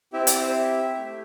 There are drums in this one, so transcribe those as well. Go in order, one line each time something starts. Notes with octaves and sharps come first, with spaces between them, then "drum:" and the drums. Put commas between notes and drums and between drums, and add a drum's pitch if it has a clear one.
C4 E4 G4 E5
D5, drum: hi-hat
C5
E5
A3 E4 G4